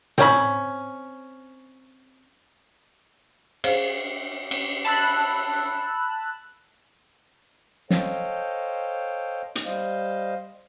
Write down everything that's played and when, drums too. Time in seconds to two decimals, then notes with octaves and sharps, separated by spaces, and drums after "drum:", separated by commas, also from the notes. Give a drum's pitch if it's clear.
0.18 C4 C#4 E5 B5, drum: tom
3.64 G#4 C5 C#5 F5, drum: cymbal
4.51 drum: cymbal
4.85 A5 B5 E6 F#6
7.90 A4 C5 C#5 D#5 F5 G5, drum: snare
9.55 drum: hi-hat
9.65 G3 C5 D#5 F5